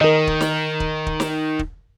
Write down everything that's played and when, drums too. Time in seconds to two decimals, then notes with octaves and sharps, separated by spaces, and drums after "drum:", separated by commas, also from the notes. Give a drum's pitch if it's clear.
0.01 D#3 A#4 D#5
0.27 drum: kick
0.41 drum: snare
0.80 drum: kick
1.07 drum: kick
1.20 drum: snare
1.59 drum: kick